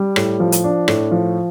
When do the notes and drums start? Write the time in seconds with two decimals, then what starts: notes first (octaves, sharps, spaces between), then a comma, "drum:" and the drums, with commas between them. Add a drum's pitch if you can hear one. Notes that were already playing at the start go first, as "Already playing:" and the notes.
Already playing: G3
0.16 A2, drum: rim click
0.40 F3
0.52 drum: hi-hat
0.64 D4
0.88 A2, drum: rim click
1.11 F3